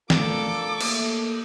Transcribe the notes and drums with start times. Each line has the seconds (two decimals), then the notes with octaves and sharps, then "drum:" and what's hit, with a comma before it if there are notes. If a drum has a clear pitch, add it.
0.10 A3 D4 F4 A4 A#4 D6, drum: snare
0.81 A3 A#3, drum: cymbal